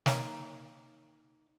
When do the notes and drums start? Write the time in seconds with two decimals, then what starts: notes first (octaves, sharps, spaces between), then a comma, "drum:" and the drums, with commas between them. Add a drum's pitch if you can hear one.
0.06 A#3 D#4 C#5 F5, drum: snare